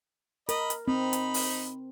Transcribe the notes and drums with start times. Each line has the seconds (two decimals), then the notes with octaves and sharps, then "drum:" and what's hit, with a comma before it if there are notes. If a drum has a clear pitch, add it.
0.49 A#4 D#5 B5, drum: hi-hat
0.70 drum: hi-hat
0.88 C4 D#4 B5
1.13 drum: hi-hat
1.34 drum: open hi-hat